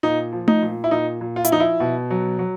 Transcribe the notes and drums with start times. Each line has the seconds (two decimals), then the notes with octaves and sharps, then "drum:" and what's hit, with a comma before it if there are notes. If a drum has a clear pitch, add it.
0.03 A#2 D#4
0.33 F3
0.48 D#4, drum: tom A3
0.63 A#2
0.84 E4
0.91 A#2 D#4
1.21 A#2
1.36 F4
1.45 E4, drum: hi-hat
1.51 F3 D#4
1.60 E4
1.80 B2
2.10 F#3
2.39 F#3